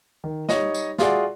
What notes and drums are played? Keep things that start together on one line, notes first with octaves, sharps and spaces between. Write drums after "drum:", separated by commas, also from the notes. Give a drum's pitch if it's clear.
D#3
G3 D#4 C#5 D#5, drum: snare
drum: tambourine
F4 F#4 G#4 D5 E5 F#5, drum: snare